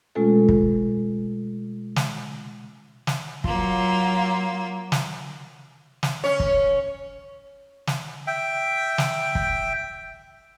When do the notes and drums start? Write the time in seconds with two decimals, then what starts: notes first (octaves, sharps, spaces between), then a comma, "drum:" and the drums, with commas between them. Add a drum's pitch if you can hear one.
0.15 B2 G#3 A3 C#4 F4 A4
0.49 drum: kick
1.96 drum: snare
3.07 drum: snare
3.44 F#3 A#3 F4, drum: kick
4.92 drum: snare
6.03 drum: snare
6.24 C#4 C#5
6.40 drum: kick
7.87 drum: snare
8.27 E5 G5
8.98 drum: snare
9.35 drum: kick